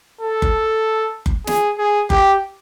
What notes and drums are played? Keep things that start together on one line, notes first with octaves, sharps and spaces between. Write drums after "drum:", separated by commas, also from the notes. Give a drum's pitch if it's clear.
A4
drum: kick F#1
drum: kick F#1
G#4, drum: snare
G#4
G4, drum: kick F#1